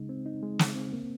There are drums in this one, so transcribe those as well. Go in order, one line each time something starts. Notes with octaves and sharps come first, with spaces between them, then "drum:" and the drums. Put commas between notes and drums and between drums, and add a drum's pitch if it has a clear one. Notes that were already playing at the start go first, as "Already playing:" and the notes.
Already playing: C#3 G#3 D#4
C4
D#4
G#3
C#3, drum: snare
C4
A#3